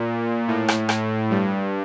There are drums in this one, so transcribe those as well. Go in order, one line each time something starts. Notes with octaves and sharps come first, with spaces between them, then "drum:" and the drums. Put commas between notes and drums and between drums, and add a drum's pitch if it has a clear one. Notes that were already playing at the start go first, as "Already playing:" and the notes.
Already playing: A#2
A2
drum: rim click
A2, drum: rim click
G2